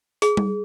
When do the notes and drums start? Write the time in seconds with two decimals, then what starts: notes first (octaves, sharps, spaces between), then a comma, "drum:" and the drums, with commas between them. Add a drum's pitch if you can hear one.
0.22 G#4, drum: open hi-hat
0.37 drum: tom G3